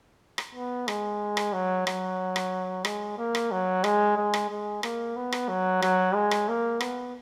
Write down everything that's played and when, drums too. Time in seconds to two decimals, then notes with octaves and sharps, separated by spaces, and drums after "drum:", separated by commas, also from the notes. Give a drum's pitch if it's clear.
0.38 drum: rim click
0.55 B3
0.88 G#3, drum: rim click
1.37 drum: rim click
1.53 F#3
1.87 F#3, drum: rim click
2.36 drum: rim click
2.85 G#3, drum: rim click
3.18 A#3
3.35 drum: rim click
3.51 F#3
3.84 G#3, drum: rim click
4.17 G#3
4.34 drum: rim click
4.50 G#3
4.83 A#3, drum: rim click
5.16 B3
5.32 drum: rim click
5.49 F#3
5.82 F#3, drum: rim click
6.14 G#3
6.31 drum: rim click
6.48 A#3
6.80 B3, drum: rim click